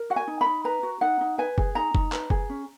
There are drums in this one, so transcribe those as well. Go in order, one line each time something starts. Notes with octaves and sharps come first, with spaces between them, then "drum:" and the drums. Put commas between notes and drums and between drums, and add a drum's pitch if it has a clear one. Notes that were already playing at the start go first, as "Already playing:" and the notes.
Already playing: A#4
F#4 F#5
G#5
D#4
B5
D#4
B4 A#5
F#4
D#4 F#5
D#4
B4 G#5
G#4, drum: kick F#1
D#4 A#5
D#4, drum: kick F#1
B4, drum: clap
G#4, drum: kick F#1
C#4